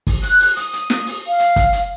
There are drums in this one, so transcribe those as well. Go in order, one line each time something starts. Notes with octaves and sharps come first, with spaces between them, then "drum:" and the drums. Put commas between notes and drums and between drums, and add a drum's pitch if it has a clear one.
drum: kick, open hi-hat
F#6, drum: hi-hat
drum: open hi-hat
D#6, drum: hi-hat
drum: hi-hat
drum: snare
drum: open hi-hat
F5
drum: hi-hat
drum: kick, hi-hat
drum: hi-hat